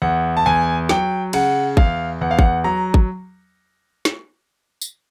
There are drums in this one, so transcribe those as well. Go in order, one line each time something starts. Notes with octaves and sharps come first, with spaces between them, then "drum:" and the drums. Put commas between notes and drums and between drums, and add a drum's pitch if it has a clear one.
E2 F#5
A5
E2 G#5
F#3 G5, drum: snare
C#3 F#5, drum: cymbal
E2 F5, drum: kick G#1
E2 F#5
F5
F#5, drum: kick G#1
F#3 A#5
drum: kick G#1
drum: snare
drum: tambourine